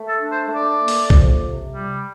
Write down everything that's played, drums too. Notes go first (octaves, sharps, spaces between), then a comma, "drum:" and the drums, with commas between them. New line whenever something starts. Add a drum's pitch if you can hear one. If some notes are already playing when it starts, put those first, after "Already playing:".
Already playing: A3
A4
D4
C5
A3
D5
A#3
drum: open hi-hat
F2, drum: kick A#1
C3
G3